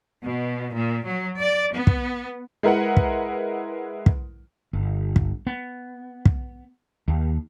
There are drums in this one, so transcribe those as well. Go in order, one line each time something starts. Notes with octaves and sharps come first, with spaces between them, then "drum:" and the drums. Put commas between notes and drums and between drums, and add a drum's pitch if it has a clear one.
B2
A#2
F#3
D5
B3
drum: kick
G#3 E4 A#4 B4 F#5
drum: kick
drum: kick
G1
drum: kick
B3
drum: kick
D#2